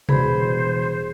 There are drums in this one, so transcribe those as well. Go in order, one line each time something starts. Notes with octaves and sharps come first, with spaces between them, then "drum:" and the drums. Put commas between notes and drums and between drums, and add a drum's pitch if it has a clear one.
E1 B2 E3 G3 G#4 C5 B5, drum: tom C3